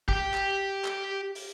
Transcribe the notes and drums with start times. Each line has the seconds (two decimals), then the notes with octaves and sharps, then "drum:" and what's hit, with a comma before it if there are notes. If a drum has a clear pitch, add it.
0.09 G4 G5, drum: kick
0.34 drum: clap
0.85 drum: clap
1.35 drum: open hi-hat